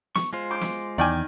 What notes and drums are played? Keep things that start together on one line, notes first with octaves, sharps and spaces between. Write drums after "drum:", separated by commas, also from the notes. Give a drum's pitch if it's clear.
C#6, drum: snare
G#3 F4 C5
D6 G6
drum: snare
E2 D#3 D5 G5 G#5